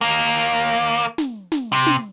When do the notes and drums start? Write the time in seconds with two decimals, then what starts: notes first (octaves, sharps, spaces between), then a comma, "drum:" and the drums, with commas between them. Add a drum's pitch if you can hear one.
0.01 D#2 A#3
1.18 drum: snare
1.52 drum: snare
1.73 C3
1.86 drum: snare